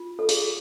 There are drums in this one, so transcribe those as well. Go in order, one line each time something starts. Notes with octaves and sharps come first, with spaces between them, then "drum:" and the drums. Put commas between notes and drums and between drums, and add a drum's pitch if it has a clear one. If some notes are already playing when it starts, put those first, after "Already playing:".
Already playing: F4
A4
G#4, drum: open hi-hat